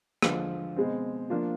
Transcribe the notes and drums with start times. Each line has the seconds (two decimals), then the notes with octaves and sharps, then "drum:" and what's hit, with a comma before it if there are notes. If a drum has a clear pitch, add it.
0.22 D3 F3 G#3, drum: rim click
0.76 B2 G#3 C4
1.30 F3 A#3 D4 F4